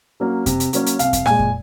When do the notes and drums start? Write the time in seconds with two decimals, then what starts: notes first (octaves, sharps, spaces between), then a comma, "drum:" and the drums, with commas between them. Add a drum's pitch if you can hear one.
0.20 F#3 A#3 C#4
0.46 C3, drum: kick F2, hi-hat
0.60 drum: hi-hat
0.73 F#3 A#3 C#4, drum: hi-hat
0.86 drum: hi-hat
0.99 C2 F5, drum: hi-hat
1.13 drum: kick F2, hi-hat
1.26 A#2 G#3 G#5, drum: rim click
1.39 drum: kick F2